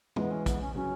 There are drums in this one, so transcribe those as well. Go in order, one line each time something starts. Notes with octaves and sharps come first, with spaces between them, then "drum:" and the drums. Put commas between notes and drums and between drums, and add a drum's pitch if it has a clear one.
E3 G#3 B3, drum: tom
C#4
B3, drum: kick A#1, hi-hat
C#4
C#3 F#3 C#4